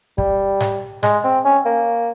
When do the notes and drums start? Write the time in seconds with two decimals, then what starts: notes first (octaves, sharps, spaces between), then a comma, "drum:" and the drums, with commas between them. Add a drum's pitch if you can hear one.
0.18 G3, drum: kick
0.60 drum: snare G#2
1.03 G#3, drum: snare G#2
1.24 C4
1.45 C#4
1.66 A#3